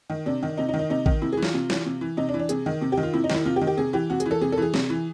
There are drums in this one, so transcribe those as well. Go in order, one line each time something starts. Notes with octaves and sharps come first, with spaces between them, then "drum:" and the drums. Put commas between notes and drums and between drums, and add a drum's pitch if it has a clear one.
D#3
C3 D4
D#3
C3 D#4
D#4
D#3
D#4
C3 D#4
D#3, drum: kick A1
C3 E4
G#4
E3
F4, drum: snare
C3
E3, drum: snare
C3
E3
C3 D#4
D4
E3
D4
C3 G#4, drum: hi-hat
D#3
C3
G4
D#3
F4
C3 E4
D#4
D#3 E4, drum: snare
C3 F4
G4
D#3
G4
C3 G#4
E3 G4
C3 F#4
G#4, drum: hi-hat
E3
A4
C3 G#4
A4
E3 G#4
C3, drum: snare
E3